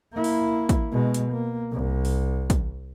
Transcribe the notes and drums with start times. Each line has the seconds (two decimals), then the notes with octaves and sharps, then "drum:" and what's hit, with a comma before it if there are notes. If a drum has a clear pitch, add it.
0.12 A#3 E4
0.24 drum: open hi-hat
0.69 drum: kick, hi-hat
0.92 B2 G#3
1.14 drum: hi-hat
1.32 A#3
1.72 C2
2.05 drum: open hi-hat
2.50 drum: kick, hi-hat